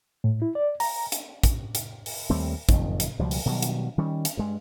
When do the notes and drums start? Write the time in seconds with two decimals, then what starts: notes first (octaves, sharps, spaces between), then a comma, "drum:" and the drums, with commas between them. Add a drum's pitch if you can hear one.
0.24 A2
0.42 E4
0.55 D5
0.80 A#5, drum: open hi-hat
1.12 drum: hi-hat
1.43 drum: kick, hi-hat
1.75 drum: hi-hat
2.06 drum: open hi-hat
2.30 D#2 G3 A3 C4
2.69 F#1 F2 D#3, drum: kick, hi-hat
3.00 drum: hi-hat
3.19 C#2 B2 F3 G3
3.31 drum: open hi-hat
3.46 B2 D#3 F#3 G3
3.62 drum: hi-hat
3.98 D#3 G3 C#4
4.25 drum: hi-hat
4.37 G2 G#3